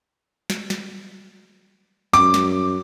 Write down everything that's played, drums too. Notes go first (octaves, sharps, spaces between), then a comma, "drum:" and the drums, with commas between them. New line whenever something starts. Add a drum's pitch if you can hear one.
drum: snare
drum: snare
F#2 D6, drum: snare
drum: snare